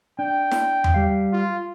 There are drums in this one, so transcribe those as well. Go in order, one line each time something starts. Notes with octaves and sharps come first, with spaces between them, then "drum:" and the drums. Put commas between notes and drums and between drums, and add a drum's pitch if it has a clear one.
D4 G5
drum: snare E4
drum: tom E2
G3 F5
F4